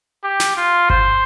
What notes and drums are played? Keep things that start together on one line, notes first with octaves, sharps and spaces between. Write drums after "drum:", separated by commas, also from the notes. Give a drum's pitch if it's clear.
G4
drum: snare
F4
C5, drum: kick G1